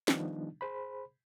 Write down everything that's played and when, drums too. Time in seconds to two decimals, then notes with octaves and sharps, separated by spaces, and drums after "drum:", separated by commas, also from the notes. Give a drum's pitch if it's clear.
0.08 D#3 F3 G3 B3 D4 D#4, drum: snare
0.61 G#4 C5 B5